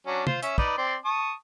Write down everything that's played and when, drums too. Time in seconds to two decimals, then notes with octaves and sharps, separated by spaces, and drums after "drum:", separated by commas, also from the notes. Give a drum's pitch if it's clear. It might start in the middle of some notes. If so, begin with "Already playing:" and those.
0.07 F#3 C#4 D4
0.27 F4 C5, drum: tom
0.43 C#4 E5, drum: hi-hat
0.58 D#4 B4 D5, drum: kick
0.78 C4 D5 C6
1.05 A5 C#6 D#6